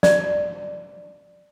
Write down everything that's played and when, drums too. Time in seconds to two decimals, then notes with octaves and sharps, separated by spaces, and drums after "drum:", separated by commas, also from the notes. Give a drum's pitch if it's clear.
0.03 D5, drum: snare